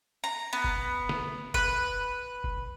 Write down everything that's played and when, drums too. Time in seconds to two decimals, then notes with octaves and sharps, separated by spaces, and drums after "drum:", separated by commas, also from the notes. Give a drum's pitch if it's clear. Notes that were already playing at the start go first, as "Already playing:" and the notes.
0.24 A#5
0.53 B3
0.64 drum: kick F1
1.09 drum: snare
1.54 B4, drum: kick F1
2.44 drum: kick F1